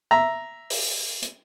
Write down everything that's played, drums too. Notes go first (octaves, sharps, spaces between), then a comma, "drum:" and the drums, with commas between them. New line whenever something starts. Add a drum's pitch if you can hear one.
E5 A#5
drum: open hi-hat
drum: hi-hat